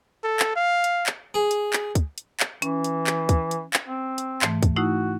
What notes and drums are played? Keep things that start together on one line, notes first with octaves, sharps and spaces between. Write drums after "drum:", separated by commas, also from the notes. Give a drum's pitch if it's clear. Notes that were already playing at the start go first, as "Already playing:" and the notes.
A4
drum: clap
F5
drum: hi-hat
drum: clap
G#4
drum: hi-hat
drum: clap
drum: kick, hi-hat
drum: hi-hat
drum: clap
E3 C#4, drum: hi-hat
drum: hi-hat
drum: clap
drum: kick, hi-hat
drum: hi-hat
drum: clap
C4
drum: hi-hat
G#2 E3 A3, drum: clap
drum: kick, hi-hat
A3 D#4 E4 F#4